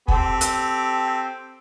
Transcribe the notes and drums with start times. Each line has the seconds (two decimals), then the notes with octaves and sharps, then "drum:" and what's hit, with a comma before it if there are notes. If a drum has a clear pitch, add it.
0.08 C4 G4 A4, drum: kick
0.41 drum: hi-hat